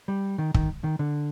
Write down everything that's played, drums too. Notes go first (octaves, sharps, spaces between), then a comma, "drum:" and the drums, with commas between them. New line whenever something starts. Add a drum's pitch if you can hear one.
G3
D#3
D#3, drum: kick
D#3
D3